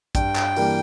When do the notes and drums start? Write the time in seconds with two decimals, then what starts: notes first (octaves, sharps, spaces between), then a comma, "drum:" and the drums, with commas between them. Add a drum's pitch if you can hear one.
0.15 G2 G5, drum: kick, hi-hat
0.36 drum: clap
0.56 E3 G3 A#3, drum: open hi-hat